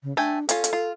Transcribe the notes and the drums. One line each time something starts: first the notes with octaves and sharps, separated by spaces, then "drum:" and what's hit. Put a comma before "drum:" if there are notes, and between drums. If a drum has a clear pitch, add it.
C#3
A3 D4 G5 G#5
C#4 F4 A4, drum: hi-hat
drum: hi-hat
F4